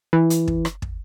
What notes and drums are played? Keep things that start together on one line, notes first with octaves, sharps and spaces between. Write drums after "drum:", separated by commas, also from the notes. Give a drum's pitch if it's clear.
E3
drum: hi-hat
drum: kick
drum: rim click
drum: kick